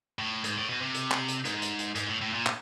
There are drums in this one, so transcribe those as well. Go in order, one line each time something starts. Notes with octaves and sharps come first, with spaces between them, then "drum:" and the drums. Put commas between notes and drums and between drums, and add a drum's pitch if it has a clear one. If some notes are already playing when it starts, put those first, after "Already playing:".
A2
G#2, drum: hi-hat
A2
B2
C3
drum: hi-hat
drum: clap
drum: hi-hat
G#2, drum: hi-hat
drum: hi-hat
drum: hi-hat
G#2, drum: hi-hat
A2
A2
A#2
drum: clap